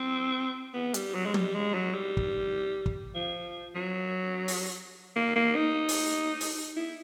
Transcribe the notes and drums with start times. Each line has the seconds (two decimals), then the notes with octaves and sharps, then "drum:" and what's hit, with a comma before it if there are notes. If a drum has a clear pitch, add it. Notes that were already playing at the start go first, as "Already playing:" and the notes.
Already playing: C4
0.74 B3
0.94 G3, drum: hi-hat
1.14 F#3
1.26 G#3
1.34 G3, drum: tom
1.54 G#3
1.74 F#3
1.94 G3
2.17 drum: kick
2.86 drum: kick
3.15 F3
3.75 F#3
4.48 drum: open hi-hat
5.16 A#3
5.36 A#3
5.56 D#4
5.89 drum: open hi-hat
6.41 drum: open hi-hat
6.76 E4